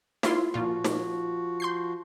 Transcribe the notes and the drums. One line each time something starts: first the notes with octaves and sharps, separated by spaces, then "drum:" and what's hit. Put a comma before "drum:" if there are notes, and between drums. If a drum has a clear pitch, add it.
E4 F4 C6, drum: snare
A#2 F3 F4 F#4
drum: snare
C6 G6 C7